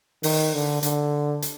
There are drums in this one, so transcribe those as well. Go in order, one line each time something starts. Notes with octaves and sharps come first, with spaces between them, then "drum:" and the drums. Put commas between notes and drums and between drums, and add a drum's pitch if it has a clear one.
D#3, drum: open hi-hat
D3
D3, drum: hi-hat
drum: hi-hat